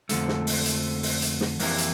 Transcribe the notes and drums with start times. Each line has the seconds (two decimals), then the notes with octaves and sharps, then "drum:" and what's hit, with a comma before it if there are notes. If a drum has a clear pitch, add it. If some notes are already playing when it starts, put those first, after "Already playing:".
0.09 F2 D3 F3 A3, drum: hi-hat
0.28 drum: snare
0.47 drum: open hi-hat
0.66 drum: hi-hat
1.03 drum: open hi-hat
1.22 drum: hi-hat
1.41 drum: snare
1.59 F2 E3 A#3 E4 G4, drum: open hi-hat
1.78 drum: hi-hat